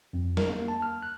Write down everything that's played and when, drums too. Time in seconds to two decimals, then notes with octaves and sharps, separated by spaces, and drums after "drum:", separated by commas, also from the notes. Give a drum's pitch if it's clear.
0.13 F2
0.37 A#4, drum: snare
0.49 A#3
0.68 A5
0.82 F6
1.03 F#6